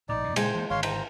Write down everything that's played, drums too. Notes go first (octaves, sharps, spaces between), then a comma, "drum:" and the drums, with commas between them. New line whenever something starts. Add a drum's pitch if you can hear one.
A#1 A2 D#4 D5
F2 C3
A#2 C#3 G#3 A#3 C5, drum: cymbal
E3 F#3 A#3
G#1 G#2 D3 C#5 F5 C6
C5 A#5, drum: cymbal